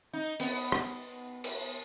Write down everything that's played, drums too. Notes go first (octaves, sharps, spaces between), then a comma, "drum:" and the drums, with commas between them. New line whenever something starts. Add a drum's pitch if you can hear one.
D#4
B3, drum: cymbal
drum: rim click
drum: cymbal